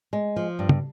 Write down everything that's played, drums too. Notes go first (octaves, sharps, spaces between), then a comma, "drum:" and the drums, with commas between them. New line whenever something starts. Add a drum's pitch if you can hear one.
G#3
F3
G2
drum: tom